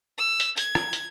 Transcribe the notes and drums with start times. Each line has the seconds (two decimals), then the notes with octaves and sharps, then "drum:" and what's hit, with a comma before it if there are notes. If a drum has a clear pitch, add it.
0.18 E6
0.40 drum: hi-hat
0.58 G#6, drum: hi-hat
0.75 drum: rim click
0.93 drum: hi-hat